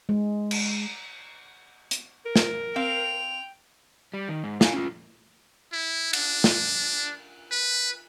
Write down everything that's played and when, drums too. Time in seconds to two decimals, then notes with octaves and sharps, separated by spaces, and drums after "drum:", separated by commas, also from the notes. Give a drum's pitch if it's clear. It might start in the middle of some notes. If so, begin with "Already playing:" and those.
0.09 G#3
0.51 drum: cymbal
1.91 drum: hi-hat
2.25 A#4
2.36 drum: snare
2.76 C4 F5 G5 F7
4.14 G3
4.29 D#3
4.44 G#2
4.61 F5 G#5, drum: snare
4.73 C#4 F4
5.73 E4
6.13 D4, drum: cymbal
6.44 drum: snare
7.52 B4